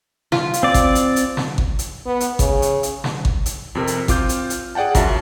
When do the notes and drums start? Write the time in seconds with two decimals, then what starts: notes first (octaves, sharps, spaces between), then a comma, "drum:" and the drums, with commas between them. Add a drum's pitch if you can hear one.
0.32 F4, drum: snare
0.54 drum: hi-hat
0.63 C4 D5
0.74 drum: kick G#1, hi-hat
0.95 drum: hi-hat
1.16 drum: hi-hat
1.37 drum: snare
1.58 drum: kick G#1
1.79 drum: hi-hat
2.06 B3
2.20 drum: hi-hat
2.39 C#3, drum: kick G#1, hi-hat
2.62 drum: hi-hat
2.83 drum: hi-hat
3.04 drum: snare
3.25 drum: kick G#1
3.46 drum: hi-hat
3.75 F2 C3 A#4
3.87 drum: hi-hat
4.08 C4 F4 D6 F6 G6, drum: kick G#1, hi-hat
4.29 drum: hi-hat
4.50 drum: hi-hat
4.75 G#4 D5 F#5 G5 A5
4.95 F#2 F4 F#4 E5 A5, drum: kick G#1, hi-hat